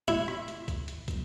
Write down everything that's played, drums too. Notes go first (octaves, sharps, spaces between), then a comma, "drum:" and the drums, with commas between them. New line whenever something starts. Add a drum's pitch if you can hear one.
E4, drum: hi-hat
drum: rim click
drum: hi-hat
drum: kick, hi-hat
drum: hi-hat
drum: kick, hi-hat